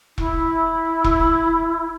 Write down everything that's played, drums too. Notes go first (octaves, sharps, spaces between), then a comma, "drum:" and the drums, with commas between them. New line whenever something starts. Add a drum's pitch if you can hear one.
E4, drum: kick E1
drum: kick E1